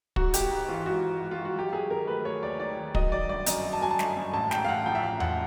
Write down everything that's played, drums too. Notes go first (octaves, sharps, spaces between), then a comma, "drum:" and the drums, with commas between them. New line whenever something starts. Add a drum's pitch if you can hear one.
G#2 F#4, drum: kick
G#1 G4, drum: hi-hat
G#2
E3 F4
G#1 F#4
G#2
G#1
F4
G#1
F#4
F#3 G4
F#3 G#4
D#3 A#4
A3 B4
A3 C#5
D#2 D5
D#3 D5
D#3
F#3 D#5, drum: kick
F#3 D5
G1 D5
F#2 D#5, drum: hi-hat
F#3
A5
F#3 G#5
A5
G1, drum: snare
F#2
A1 A5
G#2 G5, drum: snare
F5
A1 F#5
F3 G5
E5
A1 F5
A1 F#5, drum: tom E2